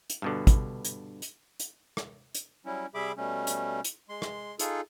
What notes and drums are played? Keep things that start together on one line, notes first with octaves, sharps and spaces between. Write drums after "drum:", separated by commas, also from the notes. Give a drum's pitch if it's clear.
drum: hi-hat
G2 B2 D3
drum: kick, hi-hat
drum: hi-hat
drum: hi-hat
drum: hi-hat
drum: rim click
drum: hi-hat
F#3 G3 C#4 E4
C3 G3 G#4 E5 B5 D6
B2 G3 A3 C#4
drum: hi-hat
drum: hi-hat
G#3 C6
drum: rim click
D#4 F4 G#4 A4, drum: hi-hat